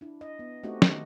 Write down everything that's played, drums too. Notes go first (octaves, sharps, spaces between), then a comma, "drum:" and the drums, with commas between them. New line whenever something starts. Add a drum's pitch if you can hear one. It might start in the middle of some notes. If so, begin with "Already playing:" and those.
D4 E4
D#5
B3
A3 C4 D#4 F#4 G4 D#5
D#3, drum: snare